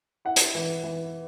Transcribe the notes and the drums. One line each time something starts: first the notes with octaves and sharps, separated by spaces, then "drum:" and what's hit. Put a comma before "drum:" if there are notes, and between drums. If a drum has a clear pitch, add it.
E4 F#5
drum: hi-hat
E3
E3